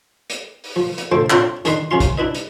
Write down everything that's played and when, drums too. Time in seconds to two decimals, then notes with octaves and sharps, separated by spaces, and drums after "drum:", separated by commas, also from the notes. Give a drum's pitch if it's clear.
0.30 drum: hi-hat
0.64 drum: open hi-hat
0.76 F3
0.98 drum: hi-hat
1.12 D2 F3 A4 C5 D6
1.30 C4 D4 F4 C#5, drum: clap
1.65 E2 D#3 D4 B4 D#5 C6, drum: hi-hat
1.91 C3 F3 C#4 F4 C6
2.00 drum: kick, hi-hat
2.17 D4 E4 B4 D#5
2.35 drum: hi-hat